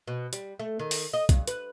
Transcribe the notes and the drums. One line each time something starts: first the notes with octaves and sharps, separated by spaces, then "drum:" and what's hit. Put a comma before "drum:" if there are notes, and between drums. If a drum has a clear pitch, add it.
B2
G3, drum: hi-hat
A3
D#3
drum: open hi-hat
D#5
G2, drum: kick, hi-hat
B4, drum: hi-hat